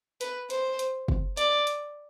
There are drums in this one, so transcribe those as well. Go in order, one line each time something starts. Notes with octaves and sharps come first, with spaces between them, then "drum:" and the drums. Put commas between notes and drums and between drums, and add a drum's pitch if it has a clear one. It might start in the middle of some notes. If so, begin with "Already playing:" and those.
B4, drum: hi-hat
C5, drum: hi-hat
drum: hi-hat
drum: kick
D5, drum: hi-hat
drum: hi-hat